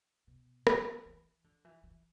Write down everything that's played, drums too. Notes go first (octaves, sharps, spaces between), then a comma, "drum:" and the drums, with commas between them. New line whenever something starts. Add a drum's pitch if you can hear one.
B2
E3, drum: rim click
E3
D3
E3
E3